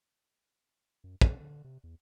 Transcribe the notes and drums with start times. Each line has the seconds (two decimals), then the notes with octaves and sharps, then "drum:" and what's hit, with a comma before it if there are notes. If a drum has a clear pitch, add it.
1.04 F#2
1.21 B1, drum: kick
1.40 D3
1.64 C3
1.84 E2